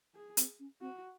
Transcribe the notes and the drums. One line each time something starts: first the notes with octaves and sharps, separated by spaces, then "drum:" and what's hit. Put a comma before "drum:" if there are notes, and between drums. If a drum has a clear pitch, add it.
G#4
C4, drum: hi-hat
C#4
C4 F#4